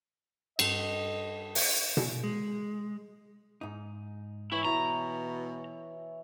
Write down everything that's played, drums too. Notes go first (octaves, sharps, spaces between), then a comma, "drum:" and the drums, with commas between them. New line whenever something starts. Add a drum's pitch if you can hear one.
G2 A4 D#5 A5, drum: cymbal
drum: open hi-hat
drum: tom B2
G#3
G#2 D#4
E3 E4 C#5
B2 E4 A#5